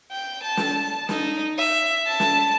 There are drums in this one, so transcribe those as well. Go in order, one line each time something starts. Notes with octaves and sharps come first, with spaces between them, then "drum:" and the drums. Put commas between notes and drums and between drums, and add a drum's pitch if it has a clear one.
G5
A5
drum: snare
D#4, drum: snare
E5
A5
drum: snare